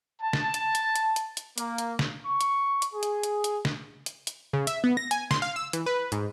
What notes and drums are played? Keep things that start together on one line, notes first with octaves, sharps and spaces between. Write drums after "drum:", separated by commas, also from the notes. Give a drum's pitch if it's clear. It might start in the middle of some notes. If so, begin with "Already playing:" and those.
A5
drum: snare
drum: hi-hat
drum: hi-hat
drum: hi-hat
drum: hi-hat
drum: hi-hat
A#3, drum: hi-hat
drum: hi-hat
drum: snare
C#6
drum: hi-hat
drum: hi-hat
G#4
drum: hi-hat
drum: hi-hat
drum: hi-hat
drum: snare
drum: hi-hat
drum: hi-hat
C#3
E5, drum: hi-hat
B3
A#6
G#5, drum: hi-hat
C6, drum: snare
F5
E6
E3, drum: hi-hat
B4
G#2, drum: hi-hat